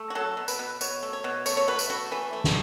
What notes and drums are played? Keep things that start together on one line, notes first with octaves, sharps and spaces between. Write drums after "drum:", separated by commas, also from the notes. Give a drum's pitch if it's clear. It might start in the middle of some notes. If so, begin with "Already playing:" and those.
Already playing: A3
F#4
F#3 A4
B2
B4, drum: tambourine
B2
B2 C#5, drum: tambourine
A3
C#5
B2
A3 C#5, drum: tambourine
C#5
B2 B4
drum: tambourine
A3 F#4
E3 B4
A3
drum: snare